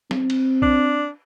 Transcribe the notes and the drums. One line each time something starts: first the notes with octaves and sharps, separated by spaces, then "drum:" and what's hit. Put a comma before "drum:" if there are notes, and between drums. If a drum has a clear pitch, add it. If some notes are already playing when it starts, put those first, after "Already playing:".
C4, drum: snare
drum: cymbal
D4, drum: kick